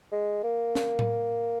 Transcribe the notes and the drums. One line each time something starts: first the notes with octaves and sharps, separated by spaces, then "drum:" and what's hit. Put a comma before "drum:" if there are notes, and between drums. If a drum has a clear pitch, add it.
G#3
A#3
drum: snare
drum: tom A2